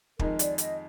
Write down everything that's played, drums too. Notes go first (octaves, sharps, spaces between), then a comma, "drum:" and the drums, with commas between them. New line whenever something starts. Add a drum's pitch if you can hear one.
F2 D#3 G#3 D#4 A#4, drum: kick
D5, drum: hi-hat
D#5, drum: hi-hat